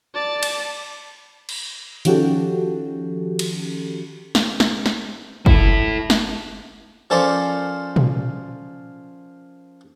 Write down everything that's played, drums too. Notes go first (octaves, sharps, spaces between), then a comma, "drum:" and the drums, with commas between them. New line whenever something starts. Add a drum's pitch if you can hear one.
D5 A5
drum: cymbal
drum: cymbal
D#3 F3 C#4 F#4 G4 A4, drum: hi-hat
drum: cymbal
drum: snare
drum: snare
drum: snare
E4 A4, drum: kick
drum: snare
F3 C#4 A4 A#4 C5 D5
drum: tom A#2